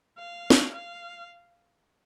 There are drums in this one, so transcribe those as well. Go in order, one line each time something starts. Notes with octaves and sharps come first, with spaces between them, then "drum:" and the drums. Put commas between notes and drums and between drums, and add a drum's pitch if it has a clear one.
F5
drum: snare
F5